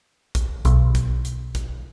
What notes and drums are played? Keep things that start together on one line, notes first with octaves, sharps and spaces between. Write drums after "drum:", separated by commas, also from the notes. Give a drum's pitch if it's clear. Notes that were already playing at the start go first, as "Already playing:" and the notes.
drum: kick, hi-hat
B1, drum: hi-hat
drum: kick, hi-hat
drum: hi-hat
drum: kick, hi-hat